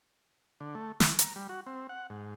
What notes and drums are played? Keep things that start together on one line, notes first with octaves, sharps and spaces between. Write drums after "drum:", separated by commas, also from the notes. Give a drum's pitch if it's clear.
D3
A3
E4, drum: snare
A#5, drum: hi-hat
G3
F#4
C4
F#5
G#2